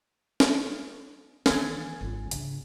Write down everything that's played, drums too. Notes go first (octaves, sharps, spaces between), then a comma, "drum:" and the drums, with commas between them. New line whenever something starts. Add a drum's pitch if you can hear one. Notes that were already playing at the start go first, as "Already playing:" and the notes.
drum: snare
D#3 E3 B3 G#5 G#6, drum: snare
G#1 F4
C#3 D4, drum: hi-hat